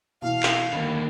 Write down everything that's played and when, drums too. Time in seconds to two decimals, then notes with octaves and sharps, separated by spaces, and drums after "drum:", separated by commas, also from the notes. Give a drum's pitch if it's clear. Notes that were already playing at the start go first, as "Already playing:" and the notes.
0.22 B2 E3 F5
0.43 drum: clap
0.73 D3 D#3 A#3 B5